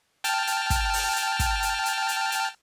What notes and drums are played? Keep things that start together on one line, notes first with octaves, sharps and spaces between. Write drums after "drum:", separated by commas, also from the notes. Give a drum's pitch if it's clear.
G5 A5 F6, drum: hi-hat
drum: hi-hat
drum: kick, hi-hat
drum: open hi-hat
drum: hi-hat
drum: kick, hi-hat
drum: hi-hat
drum: hi-hat
drum: hi-hat
drum: hi-hat